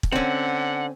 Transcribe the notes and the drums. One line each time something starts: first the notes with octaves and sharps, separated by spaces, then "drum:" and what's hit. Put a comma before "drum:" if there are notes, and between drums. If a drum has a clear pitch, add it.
drum: kick
D3 C4 C#4 F#5